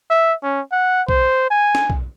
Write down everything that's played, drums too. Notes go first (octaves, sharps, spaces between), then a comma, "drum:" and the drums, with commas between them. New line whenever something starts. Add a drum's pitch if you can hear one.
E5
C#4
F#5
C5, drum: kick B1
G#5
drum: snare
drum: kick B1